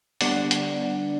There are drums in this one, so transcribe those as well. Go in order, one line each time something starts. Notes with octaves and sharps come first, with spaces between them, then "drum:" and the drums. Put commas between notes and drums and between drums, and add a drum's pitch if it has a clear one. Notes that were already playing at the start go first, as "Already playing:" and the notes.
D3 G3 B3 D4 D5 F#5, drum: open hi-hat
drum: hi-hat